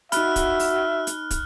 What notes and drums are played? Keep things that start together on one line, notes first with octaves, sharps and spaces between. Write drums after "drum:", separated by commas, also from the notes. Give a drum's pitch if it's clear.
D#4 F#4 E5 B5 F6 F#6, drum: hi-hat
drum: kick, hi-hat
drum: open hi-hat
drum: hi-hat
drum: kick, hi-hat